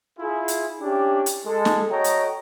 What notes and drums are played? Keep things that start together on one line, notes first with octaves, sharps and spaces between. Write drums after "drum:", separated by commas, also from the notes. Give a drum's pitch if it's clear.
E4 F4 G#4
drum: hi-hat
C#4 D4 E4 G4
drum: hi-hat
G#3 A4
drum: snare
F#4 A4 C#5 D#5 G5 A#5
drum: hi-hat